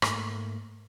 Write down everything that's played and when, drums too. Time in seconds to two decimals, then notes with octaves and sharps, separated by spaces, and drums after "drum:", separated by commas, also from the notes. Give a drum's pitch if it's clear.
0.02 G#2 A3 A#3, drum: rim click